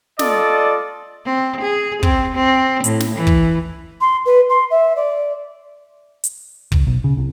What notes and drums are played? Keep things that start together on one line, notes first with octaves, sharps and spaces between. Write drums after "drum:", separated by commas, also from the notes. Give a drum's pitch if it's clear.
F4 A4 D5 D#5, drum: snare
C4
G#4
C4, drum: kick
C4
A2, drum: hi-hat
drum: snare
E3
drum: kick
C6
B4
C6
E5
D5
drum: hi-hat
C#2, drum: kick
B1
C#3
C2